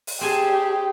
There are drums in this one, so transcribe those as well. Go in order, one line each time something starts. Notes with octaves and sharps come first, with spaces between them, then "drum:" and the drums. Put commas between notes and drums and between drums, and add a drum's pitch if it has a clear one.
drum: open hi-hat
C4 G4 G#4 G#5 A5